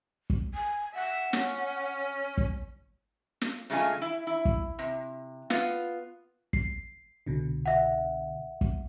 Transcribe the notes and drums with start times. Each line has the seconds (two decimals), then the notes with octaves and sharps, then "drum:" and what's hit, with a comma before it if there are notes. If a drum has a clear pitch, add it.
0.30 drum: kick
0.54 G#5
0.95 E5 F#5
1.33 C#4, drum: snare
2.38 drum: kick
3.41 drum: snare
3.70 G2 C#3 G#3 A3 F4 G#5
4.02 E4
4.27 E4
4.45 drum: kick
4.79 C3
5.50 B3 F4, drum: snare
6.53 C7, drum: kick
7.26 C2 B2 D3
7.66 E5 F#5
8.61 drum: kick